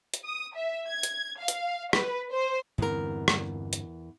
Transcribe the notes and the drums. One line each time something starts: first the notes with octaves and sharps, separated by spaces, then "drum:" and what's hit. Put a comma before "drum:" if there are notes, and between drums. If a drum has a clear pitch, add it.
drum: hi-hat
D#6
E5
G#6
drum: hi-hat
F5
drum: hi-hat
B4, drum: rim click
C5
E2 G2 D3 C4 A#4
drum: rim click
drum: hi-hat